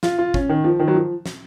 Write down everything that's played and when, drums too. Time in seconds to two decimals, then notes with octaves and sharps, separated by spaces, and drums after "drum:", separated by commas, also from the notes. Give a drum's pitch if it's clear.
0.03 F4, drum: snare
0.18 F4
0.34 C#4, drum: kick
0.49 D#3
0.64 F3
0.79 D#3
0.88 F#3
0.95 F3
1.26 drum: snare